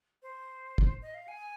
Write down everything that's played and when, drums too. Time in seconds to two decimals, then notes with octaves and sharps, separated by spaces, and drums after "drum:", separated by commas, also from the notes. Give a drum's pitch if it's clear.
0.22 C5
0.78 drum: kick
1.02 D#5
1.14 F5
1.28 G#5